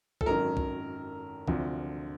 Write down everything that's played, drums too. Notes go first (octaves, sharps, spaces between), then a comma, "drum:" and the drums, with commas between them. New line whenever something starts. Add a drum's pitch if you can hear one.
A4, drum: kick B1
G#1 F#2 D#3 A#4
drum: kick B1
D2 C3 F3, drum: kick B1